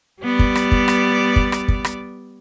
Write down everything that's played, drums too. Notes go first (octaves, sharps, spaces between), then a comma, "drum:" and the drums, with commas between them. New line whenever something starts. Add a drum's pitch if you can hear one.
G3 B3 D5
drum: kick
drum: rim click
drum: kick
drum: rim click
drum: kick
drum: rim click
drum: kick
drum: rim click